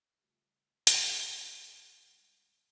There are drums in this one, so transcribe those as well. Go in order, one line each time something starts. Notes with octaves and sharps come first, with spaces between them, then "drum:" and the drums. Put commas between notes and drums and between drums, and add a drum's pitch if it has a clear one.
C#3 F3 G3 A3
F3 G3 A3 B3 C4 G4, drum: hi-hat
G#2 C3 G3